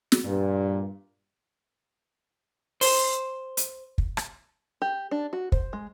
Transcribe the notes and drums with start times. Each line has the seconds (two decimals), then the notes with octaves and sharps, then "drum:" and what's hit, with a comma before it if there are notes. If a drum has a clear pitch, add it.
0.12 drum: snare
0.24 G2 A#2
2.81 C5, drum: open hi-hat
3.57 drum: hi-hat
3.98 drum: kick
4.17 drum: rim click
4.82 G4
5.11 D4
5.33 F#4
5.52 C5, drum: kick
5.73 G#3